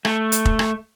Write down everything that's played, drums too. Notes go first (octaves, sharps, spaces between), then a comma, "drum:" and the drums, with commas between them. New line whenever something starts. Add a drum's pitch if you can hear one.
A3, drum: rim click
drum: hi-hat
drum: kick
drum: rim click